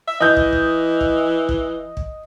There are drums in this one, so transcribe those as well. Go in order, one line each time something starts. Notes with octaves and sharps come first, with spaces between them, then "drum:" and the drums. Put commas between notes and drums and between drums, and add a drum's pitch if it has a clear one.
E5
E3 D#5 G6
drum: kick
drum: kick
drum: kick
drum: kick
drum: kick